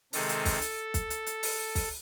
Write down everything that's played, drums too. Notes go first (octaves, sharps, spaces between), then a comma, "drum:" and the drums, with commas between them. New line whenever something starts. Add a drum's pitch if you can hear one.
C3 D#3 G#3 A4, drum: open hi-hat
drum: hi-hat
drum: kick, open hi-hat
drum: hi-hat
drum: kick, hi-hat
drum: hi-hat
drum: hi-hat
drum: open hi-hat
drum: kick, open hi-hat